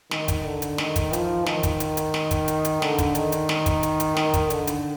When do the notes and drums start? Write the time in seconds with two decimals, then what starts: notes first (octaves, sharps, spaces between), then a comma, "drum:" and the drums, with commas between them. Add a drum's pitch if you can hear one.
0.11 D#3, drum: snare
0.28 drum: kick, hi-hat
0.45 D3
0.62 drum: hi-hat
0.78 D#3, drum: snare
0.96 drum: kick, hi-hat
1.13 F3, drum: hi-hat
1.47 D#3, drum: snare
1.63 drum: kick, hi-hat
1.80 drum: hi-hat
1.97 drum: hi-hat
2.14 drum: snare
2.31 drum: kick, hi-hat
2.48 drum: hi-hat
2.65 drum: hi-hat
2.82 D3, drum: snare
2.98 drum: kick, hi-hat
3.15 D#3, drum: hi-hat
3.32 drum: hi-hat
3.49 drum: snare
3.66 drum: kick, hi-hat
3.83 drum: hi-hat
4.00 drum: hi-hat
4.17 D#3, drum: snare
4.34 drum: kick, hi-hat
4.50 D3, drum: hi-hat
4.67 drum: hi-hat